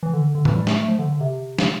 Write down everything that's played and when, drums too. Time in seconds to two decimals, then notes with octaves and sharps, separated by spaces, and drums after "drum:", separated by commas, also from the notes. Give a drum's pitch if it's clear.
0.03 E3
0.13 D3
0.35 D3
0.45 E3, drum: tom A2
0.56 G3
0.67 A3, drum: snare
0.78 A3
0.88 F3
0.99 D3
1.10 D3
1.21 C3
1.59 drum: snare